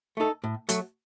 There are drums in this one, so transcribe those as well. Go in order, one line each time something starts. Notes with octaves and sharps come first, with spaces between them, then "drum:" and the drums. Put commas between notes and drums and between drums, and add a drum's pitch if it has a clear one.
A3 D#4 A4
A2
F#3 A3, drum: hi-hat